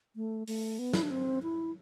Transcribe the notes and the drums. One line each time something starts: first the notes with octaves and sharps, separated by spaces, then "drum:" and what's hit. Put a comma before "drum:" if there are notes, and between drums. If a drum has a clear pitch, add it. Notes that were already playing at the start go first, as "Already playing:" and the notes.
A3
A3, drum: open hi-hat
B3
E4, drum: snare
D4
C4
E4